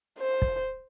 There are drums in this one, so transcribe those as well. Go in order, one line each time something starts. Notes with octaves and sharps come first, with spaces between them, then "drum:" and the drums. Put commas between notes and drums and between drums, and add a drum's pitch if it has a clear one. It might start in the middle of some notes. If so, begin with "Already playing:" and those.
C5
drum: kick